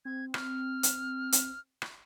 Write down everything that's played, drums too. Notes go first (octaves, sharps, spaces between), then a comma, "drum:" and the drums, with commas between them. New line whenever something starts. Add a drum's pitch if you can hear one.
C4 G#6
F6, drum: rim click
drum: hi-hat
drum: hi-hat
drum: rim click